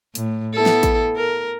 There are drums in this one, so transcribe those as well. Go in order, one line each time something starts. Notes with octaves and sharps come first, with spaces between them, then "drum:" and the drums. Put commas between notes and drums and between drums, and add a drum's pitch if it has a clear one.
A2, drum: hi-hat
B3 E4 A4
drum: snare
drum: kick A1, hi-hat
A#4